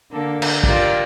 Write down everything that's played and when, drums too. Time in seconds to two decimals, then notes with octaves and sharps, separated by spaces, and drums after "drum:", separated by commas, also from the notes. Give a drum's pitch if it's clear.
0.11 D3 A#3 A4
0.42 drum: cymbal
0.64 F4 G4 A#4 D5, drum: kick